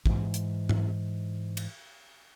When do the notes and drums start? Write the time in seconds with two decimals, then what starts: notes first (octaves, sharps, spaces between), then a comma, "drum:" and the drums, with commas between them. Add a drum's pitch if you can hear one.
0.06 G#2 E3, drum: kick
0.34 drum: hi-hat
0.69 drum: tom G#2
1.57 drum: cymbal